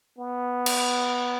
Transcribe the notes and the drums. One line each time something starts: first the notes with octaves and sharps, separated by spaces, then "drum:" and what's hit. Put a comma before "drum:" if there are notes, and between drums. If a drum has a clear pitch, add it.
B3
drum: cymbal